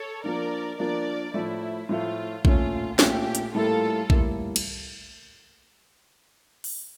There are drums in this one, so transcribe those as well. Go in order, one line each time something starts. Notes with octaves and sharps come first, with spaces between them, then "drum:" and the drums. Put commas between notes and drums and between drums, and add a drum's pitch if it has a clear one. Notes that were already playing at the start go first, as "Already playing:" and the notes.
Already playing: A4 C#5
F3 A#3 D4 A#4 D5
F3 A#3 D4 A#4 D5
A2 F3 A3 E4
A2 F3 A3 F4
A#2 A3 C#4 F4, drum: kick A#1
A#2 A3 C#4 G4, drum: snare
drum: hi-hat
A2 G3 A#3 E4 F4 A4
A2 G3 A#3 E4, drum: kick A#1
drum: cymbal
drum: open hi-hat